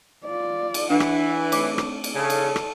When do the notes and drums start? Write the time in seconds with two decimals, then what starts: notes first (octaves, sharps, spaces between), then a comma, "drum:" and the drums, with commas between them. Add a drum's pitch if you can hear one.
0.25 F4 D5
0.74 drum: cymbal
0.90 E3 D4 F#5
1.00 drum: rim click
1.52 A3 C4 C#5 D6, drum: cymbal
1.78 drum: rim click
2.04 drum: cymbal
2.15 C#3 A4
2.30 drum: cymbal
2.56 drum: rim click